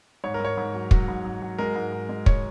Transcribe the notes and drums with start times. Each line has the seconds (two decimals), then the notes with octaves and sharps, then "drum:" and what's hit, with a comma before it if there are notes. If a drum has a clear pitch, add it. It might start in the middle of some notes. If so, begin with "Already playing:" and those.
0.24 G#2 C#5
0.34 A#4
0.40 G#2 C#5
0.57 G#2
0.74 F#3
0.91 F#3, drum: kick
1.08 G#2
1.25 G#2
1.42 F#3
1.58 G#3 A#4
1.76 G#2
1.92 G#2
2.09 G#3
2.26 C#5, drum: kick